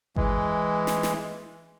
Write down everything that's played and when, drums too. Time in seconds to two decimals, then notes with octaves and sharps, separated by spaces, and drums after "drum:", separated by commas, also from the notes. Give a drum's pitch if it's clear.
0.16 E3 G#3, drum: kick G#1
0.87 drum: snare
1.03 drum: snare